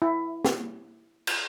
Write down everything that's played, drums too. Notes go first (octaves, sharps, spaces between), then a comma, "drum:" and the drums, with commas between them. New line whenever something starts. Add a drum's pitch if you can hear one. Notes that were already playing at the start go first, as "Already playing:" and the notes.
E4
drum: snare
drum: cymbal